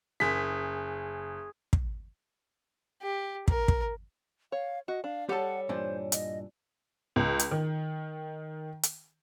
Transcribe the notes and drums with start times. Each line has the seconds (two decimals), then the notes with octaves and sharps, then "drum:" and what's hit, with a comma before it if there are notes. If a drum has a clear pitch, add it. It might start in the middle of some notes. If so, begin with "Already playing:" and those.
0.20 F#1 G#4 B6
1.73 drum: kick
3.02 G4
3.48 A#4, drum: kick
3.68 drum: kick
4.52 C#5 F5
4.88 F#4 D#5
5.04 D4 F5
5.29 G3 G4 A4 C#5 F#5 A5
5.69 G2 A#2 E3 D4 C5
6.12 D#5, drum: hi-hat
7.16 C#2
7.39 drum: hi-hat
7.51 D#3
8.83 drum: hi-hat